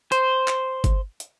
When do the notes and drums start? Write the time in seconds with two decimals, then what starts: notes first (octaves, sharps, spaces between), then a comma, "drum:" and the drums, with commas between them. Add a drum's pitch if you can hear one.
0.12 C5, drum: hi-hat
0.48 drum: clap
0.84 drum: kick G1, hi-hat
1.20 drum: hi-hat